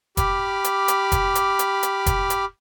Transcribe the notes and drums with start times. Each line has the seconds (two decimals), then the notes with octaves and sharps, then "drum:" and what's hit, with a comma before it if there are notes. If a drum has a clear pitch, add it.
0.17 G4 B5 D6 F6, drum: kick F1, hi-hat
0.64 drum: hi-hat
0.88 drum: hi-hat
1.12 drum: kick F1, hi-hat
1.35 drum: hi-hat
1.59 drum: hi-hat
1.83 drum: hi-hat
2.06 drum: kick F1, hi-hat
2.30 drum: hi-hat